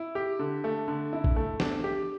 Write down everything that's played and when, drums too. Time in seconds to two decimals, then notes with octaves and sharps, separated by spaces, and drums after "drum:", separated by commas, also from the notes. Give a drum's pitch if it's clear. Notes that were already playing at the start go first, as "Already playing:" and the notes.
Already playing: E4
0.15 G4
0.39 D3
0.64 A3
0.88 D3
1.13 E4
1.24 drum: kick
1.36 A3
1.60 D4, drum: snare
1.84 G4